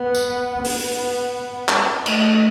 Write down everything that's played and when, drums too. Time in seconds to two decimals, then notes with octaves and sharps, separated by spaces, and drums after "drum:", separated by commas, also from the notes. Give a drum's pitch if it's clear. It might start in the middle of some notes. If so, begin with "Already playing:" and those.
Already playing: B3
0.15 drum: tambourine
0.65 B3, drum: open hi-hat
1.68 drum: clap
2.06 A3, drum: cymbal